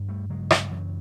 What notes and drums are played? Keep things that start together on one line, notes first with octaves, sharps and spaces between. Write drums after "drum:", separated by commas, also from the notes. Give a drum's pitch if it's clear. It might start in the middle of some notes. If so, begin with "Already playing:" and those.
Already playing: G2 D3
G3 A3
C#3 F#3 G#3
drum: rim click
F#2 E3 F#3